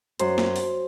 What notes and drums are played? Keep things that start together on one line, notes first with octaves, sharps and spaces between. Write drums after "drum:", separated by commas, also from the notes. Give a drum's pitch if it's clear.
F#2 C5, drum: hi-hat
drum: snare
drum: open hi-hat